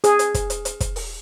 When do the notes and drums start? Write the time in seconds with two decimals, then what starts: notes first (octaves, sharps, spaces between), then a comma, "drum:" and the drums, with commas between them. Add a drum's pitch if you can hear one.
0.04 G#4, drum: hi-hat
0.19 drum: hi-hat
0.34 drum: kick, hi-hat
0.50 drum: hi-hat
0.65 drum: hi-hat
0.80 drum: kick, hi-hat
0.96 drum: open hi-hat